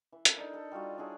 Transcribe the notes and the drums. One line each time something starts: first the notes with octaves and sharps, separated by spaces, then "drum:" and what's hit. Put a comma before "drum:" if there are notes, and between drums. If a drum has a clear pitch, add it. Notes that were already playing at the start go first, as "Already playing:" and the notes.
E3
E4 A4 A#4 B5, drum: hi-hat
D4 D#4
A4
G3 F4 F#4 D#5
D4 E4 G#4 C#5